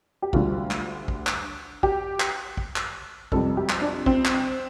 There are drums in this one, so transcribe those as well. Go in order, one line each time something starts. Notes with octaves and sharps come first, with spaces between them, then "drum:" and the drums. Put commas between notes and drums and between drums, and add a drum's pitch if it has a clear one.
G4
D2 D3 G3 F4, drum: kick
drum: clap
drum: kick
drum: clap
G4, drum: kick
drum: clap
drum: kick
drum: clap
F2 C3 G3 A4, drum: kick
G4
drum: clap
D4
C4, drum: kick
drum: clap